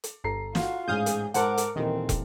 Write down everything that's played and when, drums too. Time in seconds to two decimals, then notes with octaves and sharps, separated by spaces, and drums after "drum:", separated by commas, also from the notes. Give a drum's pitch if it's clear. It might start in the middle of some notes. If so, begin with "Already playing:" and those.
0.04 drum: hi-hat
0.24 G1 A4 A#5 C7
0.55 F4 F#4, drum: snare
0.88 A1 G#2 G#4 F5 D#6 G6
1.06 drum: hi-hat
1.34 G#2 A#4 C5 F#5 A5 D6, drum: hi-hat
1.58 drum: hi-hat
1.76 D#1 D#3 E3 C4 A#4
2.09 drum: kick, hi-hat